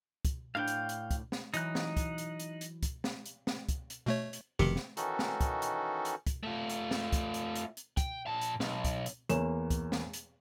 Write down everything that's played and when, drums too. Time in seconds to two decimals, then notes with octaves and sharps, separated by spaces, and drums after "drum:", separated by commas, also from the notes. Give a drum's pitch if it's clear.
0.25 drum: kick, hi-hat
0.55 A2 D4 F5 G5
0.68 drum: hi-hat
0.89 drum: hi-hat
1.11 drum: kick, hi-hat
1.32 drum: snare
1.54 E3 F#3 D#4 F#6, drum: hi-hat
1.75 drum: snare
1.97 drum: kick, hi-hat
2.18 drum: hi-hat
2.40 drum: hi-hat
2.61 drum: hi-hat
2.83 drum: kick, hi-hat
3.04 drum: snare
3.26 drum: hi-hat
3.47 drum: snare
3.69 drum: kick, hi-hat
3.90 drum: hi-hat
4.06 B2 A3 C#5
4.33 drum: hi-hat
4.59 F1 B2 D#3 G4 C#7
4.76 drum: snare
4.97 D#3 E3 C#4 D#4 F#4 A4, drum: hi-hat
5.19 drum: snare
5.41 drum: kick, hi-hat
5.62 drum: hi-hat
6.05 drum: hi-hat
6.27 drum: kick, hi-hat
6.43 A3 F4
6.70 drum: hi-hat
6.91 drum: snare
7.13 drum: kick, hi-hat
7.34 drum: hi-hat
7.56 drum: hi-hat
7.77 drum: hi-hat
7.97 G5, drum: kick, hi-hat
8.27 A#2 A5
8.41 drum: hi-hat
8.60 B1, drum: snare
8.84 drum: kick, hi-hat
9.06 drum: hi-hat
9.29 E2 A#3 C#5 E7, drum: hi-hat
9.70 drum: kick, hi-hat
9.92 drum: snare
10.13 drum: hi-hat